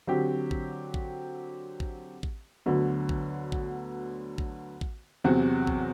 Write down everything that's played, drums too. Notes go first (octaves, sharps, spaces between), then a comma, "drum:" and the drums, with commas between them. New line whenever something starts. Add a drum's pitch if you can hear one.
D3 F#3 C4 G4
drum: kick A1
drum: kick A1
drum: kick A1
drum: kick A1
D2 D3 F#3 B3
drum: kick A1
drum: kick A1
drum: kick A1
drum: kick A1
E2 C3 F#3 C4 F#4
drum: kick A1